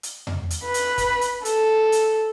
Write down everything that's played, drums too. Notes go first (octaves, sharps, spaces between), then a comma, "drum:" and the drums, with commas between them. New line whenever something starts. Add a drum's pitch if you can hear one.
drum: hi-hat
drum: tom E2
drum: hi-hat
B4
drum: hi-hat
drum: kick, hi-hat
drum: hi-hat
A4, drum: hi-hat
drum: hi-hat